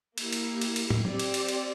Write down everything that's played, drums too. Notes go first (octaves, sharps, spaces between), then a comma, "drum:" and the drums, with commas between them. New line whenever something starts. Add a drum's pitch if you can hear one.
A#3 E4 G4, drum: cymbal
drum: cymbal
drum: cymbal
drum: cymbal
drum: tom
C4 G4 D5, drum: tom F#3
drum: cymbal
drum: cymbal
drum: cymbal